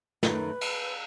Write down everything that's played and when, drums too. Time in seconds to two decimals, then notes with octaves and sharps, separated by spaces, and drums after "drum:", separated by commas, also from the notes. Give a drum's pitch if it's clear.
0.23 F#2 D#3 A3 D#4 B4, drum: snare
0.61 drum: cymbal